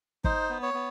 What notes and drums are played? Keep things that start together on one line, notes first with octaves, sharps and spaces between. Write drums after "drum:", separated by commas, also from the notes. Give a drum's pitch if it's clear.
D#4 C5, drum: kick
B3
C#5
B3